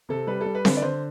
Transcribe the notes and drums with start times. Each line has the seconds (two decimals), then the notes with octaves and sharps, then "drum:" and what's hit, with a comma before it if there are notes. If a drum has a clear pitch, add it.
0.09 C3 A4
0.27 G3 B4
0.41 G3 A4
0.55 B4
0.65 D3, drum: snare C4
0.77 D5
0.82 D3 C5